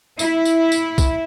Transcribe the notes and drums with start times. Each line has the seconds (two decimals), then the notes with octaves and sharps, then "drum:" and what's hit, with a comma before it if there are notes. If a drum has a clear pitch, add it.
0.19 E4, drum: tambourine
0.45 drum: tambourine
0.72 drum: tambourine
0.98 drum: kick, tambourine